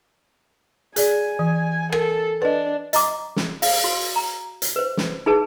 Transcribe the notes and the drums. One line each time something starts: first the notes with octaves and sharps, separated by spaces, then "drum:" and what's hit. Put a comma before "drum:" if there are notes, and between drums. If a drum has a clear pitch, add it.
G#4 D5 G#5, drum: hi-hat
E3
A4 A#4, drum: rim click
D4 B4 D#5
D#5 A#5 D6, drum: hi-hat
drum: snare
F5, drum: open hi-hat
F#4
A#5
drum: hi-hat
B4 C5
drum: snare
D#4 G#4 B4 A5